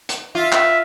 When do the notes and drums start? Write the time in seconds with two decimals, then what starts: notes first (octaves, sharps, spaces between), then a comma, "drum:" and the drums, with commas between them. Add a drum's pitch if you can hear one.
0.09 drum: hi-hat
0.35 F4 E5
0.52 E5, drum: clap